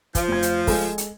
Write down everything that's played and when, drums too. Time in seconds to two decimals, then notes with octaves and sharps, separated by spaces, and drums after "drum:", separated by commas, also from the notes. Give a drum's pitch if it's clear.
0.15 F3, drum: kick, hi-hat
0.28 F1 G#6
0.42 drum: hi-hat
0.67 G#3 A4, drum: kick, open hi-hat
0.98 drum: hi-hat